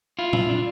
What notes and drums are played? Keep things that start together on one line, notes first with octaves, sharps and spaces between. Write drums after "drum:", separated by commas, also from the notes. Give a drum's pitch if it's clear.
E4 F4
E4, drum: tom
D4